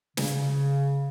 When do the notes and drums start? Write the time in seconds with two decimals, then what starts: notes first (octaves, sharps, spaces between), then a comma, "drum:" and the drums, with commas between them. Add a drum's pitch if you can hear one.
0.17 C#3, drum: snare